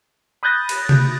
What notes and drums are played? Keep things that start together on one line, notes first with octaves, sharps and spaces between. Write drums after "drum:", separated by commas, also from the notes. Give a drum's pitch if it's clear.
B5 D#6 F#6 G6 A6 A#6
drum: cymbal
drum: tom C3